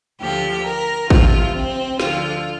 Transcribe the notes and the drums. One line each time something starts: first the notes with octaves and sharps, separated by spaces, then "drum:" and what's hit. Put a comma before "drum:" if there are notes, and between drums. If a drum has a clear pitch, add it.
D2 D3 F3 G4
A#4
D2 C3 F3 F4, drum: kick
C4
D2 D3 F3 F4, drum: snare